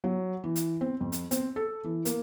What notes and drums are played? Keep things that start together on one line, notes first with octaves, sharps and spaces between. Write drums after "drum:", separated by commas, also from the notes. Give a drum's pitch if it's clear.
F#3
E3
drum: hi-hat
C4
F2
drum: hi-hat
C4, drum: hi-hat
A4
E3
A#3, drum: hi-hat